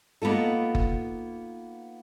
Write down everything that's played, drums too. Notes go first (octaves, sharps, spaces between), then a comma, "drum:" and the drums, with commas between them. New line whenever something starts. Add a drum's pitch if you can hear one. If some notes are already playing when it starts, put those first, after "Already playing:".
A#3 B3 D#4 F4 A4
drum: kick F#1